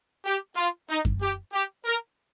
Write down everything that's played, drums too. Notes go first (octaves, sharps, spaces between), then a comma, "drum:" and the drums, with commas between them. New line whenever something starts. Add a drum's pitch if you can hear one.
G4
F4
D#4
drum: kick F#2
G4
G4
A#4